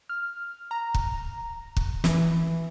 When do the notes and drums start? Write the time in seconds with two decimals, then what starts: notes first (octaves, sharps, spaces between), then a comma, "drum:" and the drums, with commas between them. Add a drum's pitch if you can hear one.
0.09 F6
0.71 A#5
0.94 drum: kick
1.77 drum: kick
2.04 E3, drum: snare